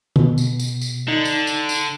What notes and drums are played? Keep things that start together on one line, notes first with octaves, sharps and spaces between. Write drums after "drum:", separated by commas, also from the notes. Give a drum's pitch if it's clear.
B2, drum: tom
drum: tambourine
drum: tambourine
drum: tambourine
D3 D#4
drum: tambourine
drum: tambourine
drum: tambourine